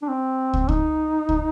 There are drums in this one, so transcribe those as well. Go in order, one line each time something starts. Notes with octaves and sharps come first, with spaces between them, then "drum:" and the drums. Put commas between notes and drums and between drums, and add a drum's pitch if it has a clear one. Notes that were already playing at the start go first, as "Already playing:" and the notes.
D4
C4
drum: kick
D#4, drum: kick
drum: kick